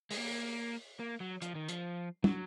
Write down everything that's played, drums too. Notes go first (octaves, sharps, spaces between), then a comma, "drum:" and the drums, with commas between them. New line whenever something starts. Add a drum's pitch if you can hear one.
G#3, drum: open hi-hat
A#3
A#3
F#3
F3, drum: hi-hat
D#3
F3, drum: hi-hat
F#3, drum: tom